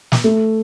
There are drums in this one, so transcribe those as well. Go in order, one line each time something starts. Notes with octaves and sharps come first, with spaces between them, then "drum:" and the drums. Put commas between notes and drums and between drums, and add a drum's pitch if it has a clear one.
drum: snare
A3